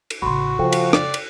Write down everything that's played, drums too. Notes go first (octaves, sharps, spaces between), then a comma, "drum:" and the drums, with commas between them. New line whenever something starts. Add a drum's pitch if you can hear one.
drum: cymbal
A1 C#3 F#4 B5 C6
C#3 F3 A4 F5 G5
drum: cymbal
D5, drum: rim click
drum: cymbal